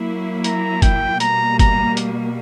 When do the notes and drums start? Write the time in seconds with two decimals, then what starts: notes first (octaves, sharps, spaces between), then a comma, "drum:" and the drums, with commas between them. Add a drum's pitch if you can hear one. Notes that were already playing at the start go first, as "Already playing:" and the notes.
Already playing: F#3 A#3 E4
0.44 A#5, drum: hi-hat
0.82 G5, drum: kick, hi-hat
1.20 B2 G3 A#3 A#5, drum: hi-hat
1.59 A#5, drum: kick, hi-hat
1.97 drum: hi-hat